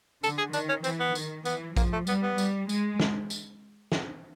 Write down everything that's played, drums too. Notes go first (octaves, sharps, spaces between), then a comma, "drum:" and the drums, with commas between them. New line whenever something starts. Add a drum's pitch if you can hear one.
D3 A4, drum: tambourine
G#4
D#3 D4, drum: tambourine
C#4
E3 C4, drum: tambourine
B3
D#3, drum: tambourine
E3 B3, drum: tambourine
F3 A#3, drum: kick A#1, tambourine
A3
G3 B3, drum: tambourine
B3
G3, drum: tambourine
G#3, drum: tambourine
drum: snare
drum: tambourine
drum: snare